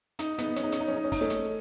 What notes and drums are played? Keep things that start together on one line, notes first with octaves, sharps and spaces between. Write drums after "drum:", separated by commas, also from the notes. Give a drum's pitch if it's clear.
D#4, drum: hi-hat
B3 D#4, drum: hi-hat
C#4, drum: hi-hat
D#4
C#4, drum: hi-hat
D#4
C#4
D#4
C#4
D#4, drum: kick, open hi-hat
A3 C#4
drum: hi-hat